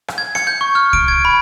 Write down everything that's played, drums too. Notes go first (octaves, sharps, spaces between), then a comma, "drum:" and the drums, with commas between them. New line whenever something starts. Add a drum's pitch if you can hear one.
drum: rim click
G#6
C#7, drum: rim click
G6
C#6
F6
D7, drum: kick C2
G#6
B5